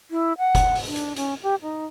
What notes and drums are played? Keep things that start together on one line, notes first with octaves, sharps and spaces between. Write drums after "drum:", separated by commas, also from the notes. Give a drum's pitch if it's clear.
E4
F#5
drum: kick F1, hi-hat
drum: open hi-hat
D4
drum: hi-hat
C#4, drum: hi-hat
G4
D#4